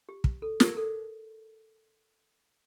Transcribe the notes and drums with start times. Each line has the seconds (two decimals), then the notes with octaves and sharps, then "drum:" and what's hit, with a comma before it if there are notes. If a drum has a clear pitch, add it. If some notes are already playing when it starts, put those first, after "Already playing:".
0.09 G4
0.24 drum: kick
0.42 A4
0.60 A#4, drum: snare
0.77 A4